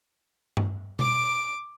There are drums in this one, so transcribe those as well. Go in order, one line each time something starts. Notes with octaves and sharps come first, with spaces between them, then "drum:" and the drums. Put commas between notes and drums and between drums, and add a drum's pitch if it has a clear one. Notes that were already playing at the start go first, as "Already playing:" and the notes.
drum: tom G2
D6 D7, drum: tom B2